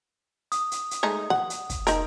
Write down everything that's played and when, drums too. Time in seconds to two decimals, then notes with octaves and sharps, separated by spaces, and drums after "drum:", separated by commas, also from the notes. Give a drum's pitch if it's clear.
0.52 D#6, drum: hi-hat
0.71 drum: hi-hat
0.91 drum: hi-hat
1.03 G#3 A3 D#4
1.30 F#5, drum: snare
1.50 drum: hi-hat
1.70 drum: kick, hi-hat
1.87 D#4 A#4, drum: hi-hat